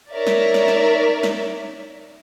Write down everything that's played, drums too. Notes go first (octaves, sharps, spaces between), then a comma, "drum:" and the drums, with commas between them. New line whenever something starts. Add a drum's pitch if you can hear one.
D#4 A#4 C#5 D5 E5
drum: snare
drum: snare
drum: snare
drum: snare